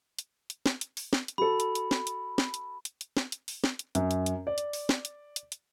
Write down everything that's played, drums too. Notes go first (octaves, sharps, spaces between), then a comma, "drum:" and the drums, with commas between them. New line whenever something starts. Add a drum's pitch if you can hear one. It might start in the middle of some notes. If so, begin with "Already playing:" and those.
drum: hi-hat
drum: hi-hat
drum: snare
drum: hi-hat
drum: open hi-hat
drum: snare
drum: hi-hat
F#4 A4 B5
drum: hi-hat
drum: hi-hat
drum: snare
drum: hi-hat
drum: snare
drum: hi-hat
drum: hi-hat
drum: hi-hat
drum: snare
drum: hi-hat
drum: open hi-hat
drum: snare
drum: hi-hat
F#2, drum: hi-hat
drum: hi-hat
drum: hi-hat
D5
drum: hi-hat
drum: open hi-hat
drum: snare
drum: hi-hat
drum: hi-hat
drum: hi-hat